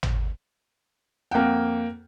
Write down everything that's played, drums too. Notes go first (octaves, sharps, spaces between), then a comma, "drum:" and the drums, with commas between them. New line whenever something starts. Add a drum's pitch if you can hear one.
drum: tom
F2 A#3 F#5 G5